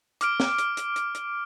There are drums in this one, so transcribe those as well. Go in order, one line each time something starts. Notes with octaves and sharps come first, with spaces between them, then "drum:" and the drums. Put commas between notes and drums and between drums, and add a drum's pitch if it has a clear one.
D6 F6 D7, drum: hi-hat
drum: snare
drum: hi-hat
drum: hi-hat
drum: hi-hat
drum: hi-hat